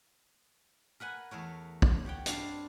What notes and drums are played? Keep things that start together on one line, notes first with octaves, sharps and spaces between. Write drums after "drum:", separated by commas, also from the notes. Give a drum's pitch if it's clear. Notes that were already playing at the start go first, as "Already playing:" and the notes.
A#4 B4 F#5 G#5
E2 A3 A#4 C#5
drum: kick
G4 C#5 F#5 G5
G2 C4 D4 F5, drum: hi-hat